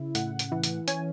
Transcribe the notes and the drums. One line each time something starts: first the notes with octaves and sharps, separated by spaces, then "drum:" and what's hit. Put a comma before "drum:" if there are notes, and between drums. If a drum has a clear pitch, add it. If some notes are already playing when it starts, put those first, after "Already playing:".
Already playing: C#3 E4
A2 F#5, drum: hi-hat
drum: hi-hat
E3
drum: hi-hat
C#4 G#5, drum: hi-hat